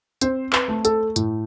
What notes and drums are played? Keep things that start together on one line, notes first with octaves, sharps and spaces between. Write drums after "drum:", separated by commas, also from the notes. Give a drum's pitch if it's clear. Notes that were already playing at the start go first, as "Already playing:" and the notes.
C4 C5, drum: hi-hat
B4, drum: clap
A3
A4, drum: hi-hat
A2, drum: hi-hat